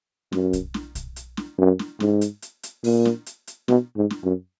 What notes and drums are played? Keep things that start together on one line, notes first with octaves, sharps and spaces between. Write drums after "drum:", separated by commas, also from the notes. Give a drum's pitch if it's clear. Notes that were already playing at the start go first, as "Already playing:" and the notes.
F#2, drum: snare
drum: kick, hi-hat
drum: snare
drum: kick, hi-hat
drum: hi-hat
drum: snare
F#2
drum: snare
G#2, drum: snare
drum: hi-hat
drum: hi-hat
drum: hi-hat
A#2, drum: open hi-hat
drum: snare
drum: hi-hat
drum: hi-hat
B2, drum: snare
G#2
drum: snare
F#2